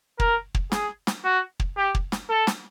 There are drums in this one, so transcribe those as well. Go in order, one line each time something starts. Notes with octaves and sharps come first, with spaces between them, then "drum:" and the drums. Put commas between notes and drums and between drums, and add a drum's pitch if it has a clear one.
A#4, drum: kick
drum: kick
G#4, drum: snare
drum: snare
F#4
drum: kick
G4
drum: kick
drum: snare
A4
drum: snare